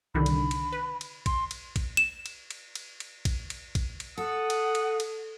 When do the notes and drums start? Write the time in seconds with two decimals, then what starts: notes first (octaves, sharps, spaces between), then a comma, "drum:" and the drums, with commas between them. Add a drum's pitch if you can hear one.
0.14 C2 D3 D#3 B5
0.26 drum: cymbal
0.51 drum: cymbal
0.72 B4
1.01 drum: cymbal
1.26 C6, drum: kick A#1, cymbal
1.51 drum: cymbal
1.76 drum: kick A#1, cymbal
1.97 E7
2.26 drum: cymbal
2.51 drum: cymbal
2.75 drum: cymbal
3.00 drum: cymbal
3.25 drum: kick A#1, cymbal
3.50 drum: cymbal
3.75 drum: kick A#1, cymbal
4.00 drum: cymbal
4.18 A4 F#5 D#6
4.50 drum: cymbal
4.75 drum: cymbal
5.00 drum: cymbal